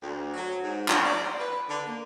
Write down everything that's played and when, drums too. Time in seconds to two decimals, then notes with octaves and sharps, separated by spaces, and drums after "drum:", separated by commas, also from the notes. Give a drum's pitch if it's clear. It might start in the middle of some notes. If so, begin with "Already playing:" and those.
0.01 D2
0.34 F#3
0.63 G#2
0.88 F3, drum: clap
1.04 D5
1.23 C5
1.38 B4
1.68 D3
1.85 A#3